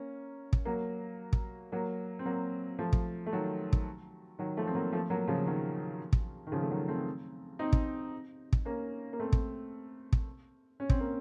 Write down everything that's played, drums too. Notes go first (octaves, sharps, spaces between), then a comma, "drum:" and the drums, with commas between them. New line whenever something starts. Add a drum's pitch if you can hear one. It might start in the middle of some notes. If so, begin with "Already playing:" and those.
Already playing: A#3 C#4
drum: kick
F#3 A#3
drum: kick
F#3 A#3
C4
F#3 A#3
F3 A3
drum: kick
A3
D#3 F#3
drum: kick
D#3 F#3
F3 A3
C4
F#3 A#3
F3 A3
F#3 A#3
C#3 F3
D#3 F#3
drum: kick
D#3
C#3 F3
A3
D#3 F#3
A3 C4
C4 D#4
drum: kick
drum: kick
A#3 C#4
A#3
A3 C4
drum: kick
drum: kick
C#4
C4, drum: kick
A#3 C#4